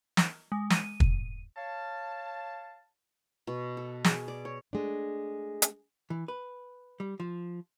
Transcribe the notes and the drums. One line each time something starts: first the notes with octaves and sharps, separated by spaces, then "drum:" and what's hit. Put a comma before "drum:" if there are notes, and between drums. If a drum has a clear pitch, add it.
drum: snare
G#3
D#7, drum: snare
drum: kick
C#5 F5 A5
B2
A4
G#4, drum: snare
D5
C#5
G#3 A3 D4
drum: hi-hat
E3
B4
G3
F3